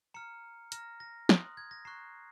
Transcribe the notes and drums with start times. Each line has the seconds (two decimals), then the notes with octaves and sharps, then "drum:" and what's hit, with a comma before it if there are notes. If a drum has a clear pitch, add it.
0.14 A#5 F6 C#7
0.72 A#5 F6 A#6, drum: hi-hat
1.00 A#6
1.29 C6 D#6 F#6, drum: snare
1.57 G#6
1.71 A#6
1.85 A#5 C#6 F#6 C7